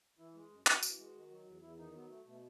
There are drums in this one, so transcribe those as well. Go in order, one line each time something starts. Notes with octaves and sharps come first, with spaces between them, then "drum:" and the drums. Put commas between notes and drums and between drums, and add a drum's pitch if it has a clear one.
E3 E4
G#3
F#2
F#2 F#4, drum: clap
E3, drum: tambourine
G#3
D#3
F#3
E2
E2 E4
D#3 D#4
F#3 B3
A3
B2 A3